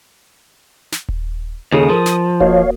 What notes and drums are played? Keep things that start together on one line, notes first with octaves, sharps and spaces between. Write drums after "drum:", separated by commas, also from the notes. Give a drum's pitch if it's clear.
drum: snare
drum: kick D#1
D#2 C#3 G#4 A4 C#5 D#6
F3 A#4
drum: snare
A#3 F#4 C#5 D#5 F5, drum: kick D#1